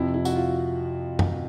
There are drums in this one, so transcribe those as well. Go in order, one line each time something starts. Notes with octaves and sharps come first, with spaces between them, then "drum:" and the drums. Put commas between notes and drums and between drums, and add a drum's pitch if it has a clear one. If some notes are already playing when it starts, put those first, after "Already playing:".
Already playing: F2 C3 F3 E4
E4
F#4, drum: tambourine
F4
F#4, drum: tom F#2